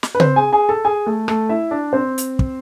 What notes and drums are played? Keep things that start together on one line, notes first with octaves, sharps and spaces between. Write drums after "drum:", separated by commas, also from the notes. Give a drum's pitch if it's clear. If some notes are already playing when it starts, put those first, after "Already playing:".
drum: snare
B4
C4 C5, drum: tom C#3
G#4 G#5
G#4 G#5
A4 A5
G#4 G#5
A3 A4
A3 A4, drum: rim click
E4 E5
D4 D5
C4 C5
drum: hi-hat
drum: kick